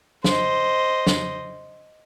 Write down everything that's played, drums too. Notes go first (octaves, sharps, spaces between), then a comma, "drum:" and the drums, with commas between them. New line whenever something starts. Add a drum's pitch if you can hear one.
C5 D#5, drum: snare
drum: snare